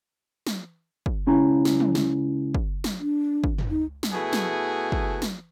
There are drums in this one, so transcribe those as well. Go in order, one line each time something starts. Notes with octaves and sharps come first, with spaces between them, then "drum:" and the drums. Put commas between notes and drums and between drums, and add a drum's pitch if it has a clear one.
drum: snare
drum: kick
C#2 C#4 E4 A#5
drum: snare
drum: tom
drum: snare
drum: kick
drum: snare
D4
drum: kick
drum: tom
D#4
drum: snare
B2 A3 E4 G#4 F#5 G#5
drum: snare
drum: kick
drum: snare